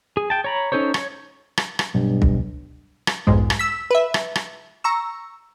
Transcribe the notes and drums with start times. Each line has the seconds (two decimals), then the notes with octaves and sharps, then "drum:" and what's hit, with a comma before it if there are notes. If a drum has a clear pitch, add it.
0.17 G#4
0.30 G5 A5
0.44 C#5 A#5 B5
0.72 C#4 D#4 A4 C5 C#5
0.94 C#5 C#6, drum: rim click
1.58 drum: rim click
1.79 drum: rim click
1.95 B1 G2
2.22 drum: kick
3.07 drum: rim click
3.27 B1 F2 G#2 G#3
3.50 drum: rim click
3.59 E6 B6
3.91 B4 E5
4.14 drum: rim click
4.35 drum: rim click
4.84 A#5 C#6 E6